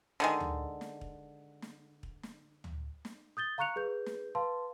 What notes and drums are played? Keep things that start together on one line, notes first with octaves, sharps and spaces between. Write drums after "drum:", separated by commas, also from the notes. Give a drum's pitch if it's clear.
D3 D#3 G#3
drum: tom
drum: snare
drum: kick
drum: snare
drum: kick
drum: snare
drum: tom
drum: snare
D#6 G6 A6 G7
F5 A#5 C#6 F#6 C#7 F7
G#4 B4 G6
drum: snare
B4 F5 A5 C6